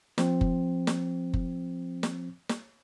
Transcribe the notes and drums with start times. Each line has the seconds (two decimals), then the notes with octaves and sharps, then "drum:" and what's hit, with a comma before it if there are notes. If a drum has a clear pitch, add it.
0.18 F3 C4, drum: snare
0.41 drum: kick F#1
0.87 drum: snare
1.34 drum: kick F#1
2.03 drum: snare
2.49 drum: snare